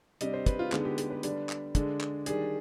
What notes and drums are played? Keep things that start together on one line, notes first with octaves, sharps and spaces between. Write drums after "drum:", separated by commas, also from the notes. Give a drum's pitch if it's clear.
C3 G3 D4 D#5, drum: hi-hat
C5
B4, drum: kick, hi-hat
F4
D3 G#3 B3 D#4, drum: clap
G4
G4, drum: hi-hat
B4
D3 G3 D4, drum: hi-hat
drum: clap
D3 G#3 D4, drum: kick, hi-hat
drum: clap
D#3 G3 D4 G#4, drum: hi-hat